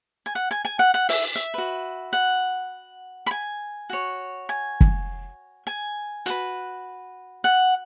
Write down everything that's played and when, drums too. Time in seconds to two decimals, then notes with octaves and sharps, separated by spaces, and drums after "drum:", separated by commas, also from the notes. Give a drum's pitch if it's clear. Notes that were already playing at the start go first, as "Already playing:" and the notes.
0.26 G#5
0.35 F#5
0.51 G#5
0.65 G#5
0.79 F#5
0.94 F#5
1.09 E5, drum: open hi-hat
1.36 E5
1.54 F#4 B4
2.13 F#5
3.26 B5
3.31 G#5
3.90 F#4 C#5
4.49 G#5
4.81 drum: kick
5.67 G#5
6.26 F#4 B4, drum: hi-hat
7.44 F#5